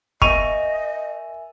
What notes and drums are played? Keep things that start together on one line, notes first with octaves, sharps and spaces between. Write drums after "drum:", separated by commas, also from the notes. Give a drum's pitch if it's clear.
A#4 D#5 E5 G#5 C#6 D#7 F7, drum: kick